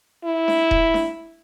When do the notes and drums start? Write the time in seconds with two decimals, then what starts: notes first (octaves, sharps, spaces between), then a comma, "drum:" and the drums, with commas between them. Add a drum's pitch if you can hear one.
0.25 E4
0.48 drum: snare D4
0.71 drum: kick D#1
0.94 drum: snare D4